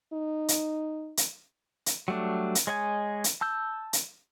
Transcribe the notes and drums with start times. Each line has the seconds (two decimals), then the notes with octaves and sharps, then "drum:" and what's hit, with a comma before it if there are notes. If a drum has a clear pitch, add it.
0.13 D#4
0.48 drum: hi-hat
1.17 drum: hi-hat
1.86 drum: hi-hat
2.08 F#3 G3 A3 D4
2.55 drum: hi-hat
2.67 G#3 C#5 D#5 G#5
3.24 drum: hi-hat
3.41 A5 E6 G6
3.93 drum: hi-hat